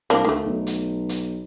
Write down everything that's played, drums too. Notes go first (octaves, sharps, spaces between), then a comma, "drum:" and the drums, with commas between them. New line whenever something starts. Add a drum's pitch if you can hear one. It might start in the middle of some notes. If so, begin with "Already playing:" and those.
C2 A#3 D4
D2 D#3 A3
B1
drum: hi-hat
drum: hi-hat